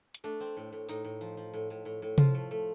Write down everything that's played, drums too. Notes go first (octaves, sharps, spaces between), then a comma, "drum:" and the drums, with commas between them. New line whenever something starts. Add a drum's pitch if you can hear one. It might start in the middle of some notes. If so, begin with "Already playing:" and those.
drum: hi-hat
A3 D4
C4
A2
A2
A2 D#4, drum: tambourine
A2
F3
F3
A2
A2
A2
A2
F3 F4, drum: tom C3
A3
A3